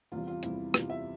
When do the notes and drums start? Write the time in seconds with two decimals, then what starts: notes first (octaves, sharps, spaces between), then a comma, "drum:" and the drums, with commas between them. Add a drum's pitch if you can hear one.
0.12 E2 C3 G3 F4
0.28 F4
0.43 E2 C3 G3 E4, drum: hi-hat
0.74 E2 C3 G3 F4, drum: rim click
0.90 E5